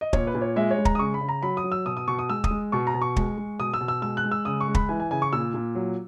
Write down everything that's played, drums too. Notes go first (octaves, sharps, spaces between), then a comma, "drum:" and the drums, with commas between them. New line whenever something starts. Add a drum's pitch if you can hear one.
D#5
A#2 C#5, drum: kick
B4
A#2
C#5
G#3 E5
C#5
G#3
A#5, drum: kick
D#6
C#3 C#6
B5
C#3
A#5
F#3 B5
D#6
F#3
E6
B2 D#6
D#6
B2 C#6
D#6
G#3 E6
D#6, drum: kick
G#3
B2 C#6
A#5
B2
C#6
G#3, drum: kick
G#3
B2 D#6
E6
B2
E6
G#3 E6
F#6
G#3
E6
C#3 D#6
C#6
G#3
B5, drum: kick
E3 G#5
G#5
C#3 G#5
C#6
A#2 E6
A#2
F#3